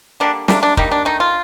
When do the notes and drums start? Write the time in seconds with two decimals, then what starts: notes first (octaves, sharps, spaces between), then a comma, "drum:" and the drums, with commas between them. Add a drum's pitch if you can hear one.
0.20 D3 G3 A#3 D4
0.48 C3 G3 A#3 D4, drum: snare
0.63 D4
0.77 D#3 G3 A#3 D#4, drum: kick
0.91 D4
1.05 D#3 A3 D#4
1.20 F4